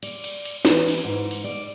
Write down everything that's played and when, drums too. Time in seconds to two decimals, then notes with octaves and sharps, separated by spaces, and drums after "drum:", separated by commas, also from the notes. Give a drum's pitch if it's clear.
0.03 D5, drum: cymbal
0.24 drum: cymbal
0.45 drum: cymbal
0.65 E3, drum: snare
0.88 drum: cymbal
1.04 G#2
1.31 drum: cymbal
1.44 D5